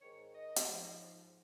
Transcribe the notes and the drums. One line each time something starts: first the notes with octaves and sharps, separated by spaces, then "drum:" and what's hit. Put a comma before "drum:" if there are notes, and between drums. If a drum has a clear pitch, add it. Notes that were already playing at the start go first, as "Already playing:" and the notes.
G#2 D#3 C#5
D#5
drum: hi-hat
G#2 F3